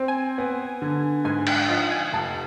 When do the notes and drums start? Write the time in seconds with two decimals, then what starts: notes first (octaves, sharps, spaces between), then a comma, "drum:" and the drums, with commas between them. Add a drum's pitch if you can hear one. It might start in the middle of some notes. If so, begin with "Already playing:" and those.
Already playing: C4
0.08 G#5
0.38 B3
0.82 D3
1.25 G#2 G#5
1.47 G5, drum: cymbal
1.68 F3 D#5
1.91 G#5
2.13 F1 A5